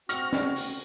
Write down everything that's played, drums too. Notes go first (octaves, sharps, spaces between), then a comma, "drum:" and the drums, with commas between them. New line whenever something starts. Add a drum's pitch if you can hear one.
C4 F#4 C#6 F6 A#6, drum: hi-hat
drum: snare
drum: open hi-hat